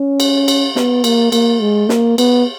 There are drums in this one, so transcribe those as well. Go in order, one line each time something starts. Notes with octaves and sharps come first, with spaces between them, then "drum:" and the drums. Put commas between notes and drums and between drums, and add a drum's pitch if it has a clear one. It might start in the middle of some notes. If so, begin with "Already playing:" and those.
Already playing: C#4
drum: cymbal
drum: cymbal
B3, drum: snare
A#3, drum: cymbal
A#3, drum: cymbal
G#3
A#3, drum: snare
B3, drum: cymbal